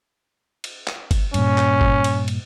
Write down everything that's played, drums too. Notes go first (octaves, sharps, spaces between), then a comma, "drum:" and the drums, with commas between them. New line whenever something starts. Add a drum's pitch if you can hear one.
drum: cymbal
drum: clap
drum: kick, cymbal
G2 A#2 C#4, drum: cymbal
drum: clap
drum: kick
drum: cymbal
drum: cymbal